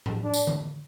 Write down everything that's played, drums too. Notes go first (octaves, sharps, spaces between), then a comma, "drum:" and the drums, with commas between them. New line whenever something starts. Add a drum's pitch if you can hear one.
drum: tom A2
D4
drum: tambourine
drum: tom D3